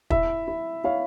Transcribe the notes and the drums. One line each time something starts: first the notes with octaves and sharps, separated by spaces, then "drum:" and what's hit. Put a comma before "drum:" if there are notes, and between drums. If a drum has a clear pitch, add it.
E4 E5, drum: kick
E4
E4 C#5 F5